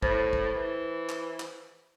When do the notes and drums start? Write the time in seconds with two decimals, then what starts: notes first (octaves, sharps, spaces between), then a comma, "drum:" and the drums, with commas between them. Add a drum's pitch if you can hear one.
0.03 A2 C5, drum: kick
0.33 drum: kick
0.55 E3
1.09 drum: clap
1.40 drum: clap